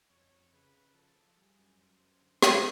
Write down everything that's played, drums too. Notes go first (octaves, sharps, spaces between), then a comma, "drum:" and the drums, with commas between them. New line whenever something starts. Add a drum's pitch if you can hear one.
F2 C#5
F2
C#3 B4
C#3
F3 A4
F3
G3 G#4
F#2
F#2 C5
F#2
D3
D3, drum: snare